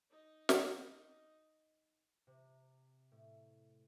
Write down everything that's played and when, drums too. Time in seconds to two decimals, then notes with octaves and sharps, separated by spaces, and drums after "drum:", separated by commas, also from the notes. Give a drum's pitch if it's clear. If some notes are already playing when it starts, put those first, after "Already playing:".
0.10 D#4 D#5
0.49 drum: snare
2.27 C3
3.12 A2